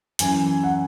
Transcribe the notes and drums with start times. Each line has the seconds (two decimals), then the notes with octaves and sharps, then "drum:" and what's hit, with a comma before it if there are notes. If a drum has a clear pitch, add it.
0.19 F#2 E3 G#5, drum: hi-hat
0.63 F#5